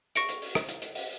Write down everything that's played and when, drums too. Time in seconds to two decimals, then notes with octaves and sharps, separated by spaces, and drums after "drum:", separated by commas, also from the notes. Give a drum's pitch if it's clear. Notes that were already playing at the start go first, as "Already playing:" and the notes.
0.15 C#6 A#6 C#7 D7, drum: hi-hat
0.29 drum: hi-hat
0.42 drum: open hi-hat
0.55 drum: rim click
0.69 drum: hi-hat
0.82 drum: hi-hat
0.95 drum: open hi-hat